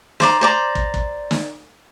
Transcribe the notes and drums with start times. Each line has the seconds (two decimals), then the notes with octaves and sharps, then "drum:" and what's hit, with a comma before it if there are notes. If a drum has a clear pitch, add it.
0.20 C5 D5 A#5, drum: snare
0.41 C5 D5 A#5
0.75 drum: kick
0.94 drum: kick
1.31 drum: snare